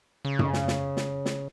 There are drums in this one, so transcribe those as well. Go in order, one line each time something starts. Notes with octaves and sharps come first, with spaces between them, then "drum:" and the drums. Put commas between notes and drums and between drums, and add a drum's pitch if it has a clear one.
C#3
drum: tom F#2
drum: snare
drum: snare
drum: snare
drum: snare